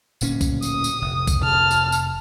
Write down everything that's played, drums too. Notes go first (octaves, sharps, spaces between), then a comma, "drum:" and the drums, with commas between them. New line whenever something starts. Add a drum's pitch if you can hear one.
D1 A#2 C#4, drum: tambourine
drum: kick, tambourine
D#6, drum: tambourine
drum: tambourine
F1
drum: kick, tambourine
A5 F6
drum: tambourine
drum: tambourine